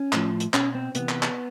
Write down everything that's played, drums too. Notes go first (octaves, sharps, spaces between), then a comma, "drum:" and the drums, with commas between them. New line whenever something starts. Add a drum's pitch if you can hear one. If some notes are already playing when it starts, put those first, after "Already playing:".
Already playing: C#4
A2 F3, drum: clap
drum: hi-hat
B2 C#4, drum: clap
C4
C3 E3 B3, drum: hi-hat
drum: clap
drum: clap